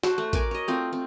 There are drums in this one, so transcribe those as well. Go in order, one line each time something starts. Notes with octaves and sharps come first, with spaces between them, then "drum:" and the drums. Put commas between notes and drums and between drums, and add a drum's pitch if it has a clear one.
F#4 C5 A5, drum: snare
A3
A#4 D5 G#5, drum: kick A1, hi-hat
C#5 D#5
A3 C4 F4
C4